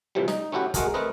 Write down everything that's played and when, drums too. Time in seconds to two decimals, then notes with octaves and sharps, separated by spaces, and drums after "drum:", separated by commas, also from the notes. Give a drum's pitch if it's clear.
0.15 A2 C3 E3 F3 G3
0.28 D#4, drum: snare
0.52 A3 C#4 E4 F#4 G4
0.74 G#3 A3 F#4 G#4 A#4, drum: kick, hi-hat
0.94 A3 C4 A#4 B4 D#5